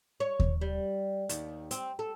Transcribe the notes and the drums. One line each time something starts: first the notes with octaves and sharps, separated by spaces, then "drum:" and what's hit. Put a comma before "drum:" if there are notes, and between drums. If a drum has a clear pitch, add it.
C#5
drum: kick D#2
G3
D#2, drum: hi-hat
C4, drum: hi-hat
A4